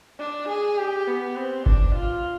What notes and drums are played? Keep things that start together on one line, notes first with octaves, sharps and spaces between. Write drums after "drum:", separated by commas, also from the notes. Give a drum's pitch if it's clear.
D4
G#4
G4
B3
C4
D4, drum: kick G1
F4